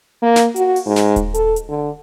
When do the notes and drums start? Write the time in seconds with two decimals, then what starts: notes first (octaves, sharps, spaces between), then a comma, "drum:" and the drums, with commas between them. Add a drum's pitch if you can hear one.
0.22 A#3
0.36 drum: snare
0.56 F#4, drum: hi-hat
0.76 drum: open hi-hat
0.86 G#2
0.96 drum: snare
1.16 drum: kick D#1, hi-hat
1.34 A4, drum: hi-hat
1.56 drum: hi-hat
1.69 D3